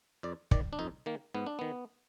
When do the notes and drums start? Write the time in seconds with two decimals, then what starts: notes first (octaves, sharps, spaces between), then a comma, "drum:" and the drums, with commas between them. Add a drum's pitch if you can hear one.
0.23 F2 D5
0.51 D#3 D5, drum: kick
0.73 D4
0.79 F2 D#4
1.06 D#3 A#3
1.34 G#2 B3
1.47 D4
1.59 D#3 B3